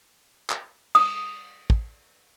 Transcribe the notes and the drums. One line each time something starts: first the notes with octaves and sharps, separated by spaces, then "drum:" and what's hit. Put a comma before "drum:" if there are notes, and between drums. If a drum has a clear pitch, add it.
drum: clap
D#6, drum: cymbal
drum: kick